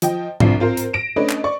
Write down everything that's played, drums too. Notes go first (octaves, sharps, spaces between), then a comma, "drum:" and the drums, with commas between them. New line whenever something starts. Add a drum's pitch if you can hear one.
F3 D#5 G5, drum: hi-hat
C2 G2 F3 D4 C7, drum: tom G#2
C4 F4 A#4 C5
drum: hi-hat
A#6 D7 E7
A3 C#4 D4 B4 D#5
drum: clap
D5 C#6